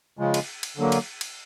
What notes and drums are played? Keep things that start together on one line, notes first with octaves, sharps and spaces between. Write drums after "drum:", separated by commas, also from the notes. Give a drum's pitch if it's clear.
C#3 F3 G#3
drum: cymbal
drum: cymbal
D3 F#3 A#3
drum: cymbal
drum: cymbal